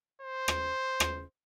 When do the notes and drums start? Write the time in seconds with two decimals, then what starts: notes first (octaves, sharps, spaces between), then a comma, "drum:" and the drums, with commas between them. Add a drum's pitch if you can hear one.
0.22 C5
0.48 drum: rim click
1.00 drum: rim click